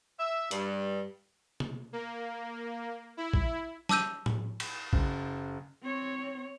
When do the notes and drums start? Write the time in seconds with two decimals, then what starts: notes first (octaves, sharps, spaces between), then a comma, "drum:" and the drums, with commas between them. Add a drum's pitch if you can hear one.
0.19 E5
0.51 G2, drum: hi-hat
1.60 drum: tom C3
1.93 A#3
3.17 E4
3.34 drum: kick A#1
3.89 A5 D6 E6 G6 D#7, drum: snare
4.26 drum: tom A2
4.60 drum: cymbal
4.93 F#1, drum: kick A#1
5.82 C4 C#5